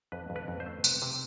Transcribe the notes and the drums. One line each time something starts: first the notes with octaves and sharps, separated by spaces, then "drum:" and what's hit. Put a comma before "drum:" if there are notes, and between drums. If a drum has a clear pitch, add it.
F2 B4
F2
B4
F2
C5
A3
C3 B4, drum: tambourine
C3